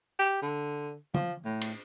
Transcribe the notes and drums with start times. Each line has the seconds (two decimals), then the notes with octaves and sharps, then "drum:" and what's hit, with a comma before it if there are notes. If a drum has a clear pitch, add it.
0.19 G4
0.42 D3
1.14 F3, drum: tom
1.45 A2
1.61 drum: cymbal